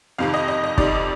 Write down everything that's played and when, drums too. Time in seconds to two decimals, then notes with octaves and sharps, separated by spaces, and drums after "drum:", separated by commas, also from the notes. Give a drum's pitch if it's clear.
0.18 F2 C3 D#3 F5
0.34 D#5
0.48 D#5
0.64 D#5
0.78 F2 C3 D#3 D5, drum: kick